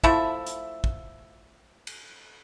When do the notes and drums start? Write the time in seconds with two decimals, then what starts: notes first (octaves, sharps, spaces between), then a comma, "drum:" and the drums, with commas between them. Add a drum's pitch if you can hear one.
0.04 F3 A3 E4 E5, drum: kick A#1
0.46 drum: hi-hat
0.84 drum: kick A#1
1.87 drum: cymbal